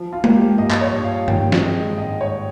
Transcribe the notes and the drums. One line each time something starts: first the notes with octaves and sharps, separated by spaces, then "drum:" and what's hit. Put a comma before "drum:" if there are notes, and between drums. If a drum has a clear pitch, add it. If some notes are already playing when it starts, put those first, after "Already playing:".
Already playing: F3
F4
A#3, drum: tom G#3
G4
G2 D#5
drum: clap
C#5
G2
F5
D#3 G5, drum: tom G2
drum: snare
G#3 D#5
G#2 D#5
C#5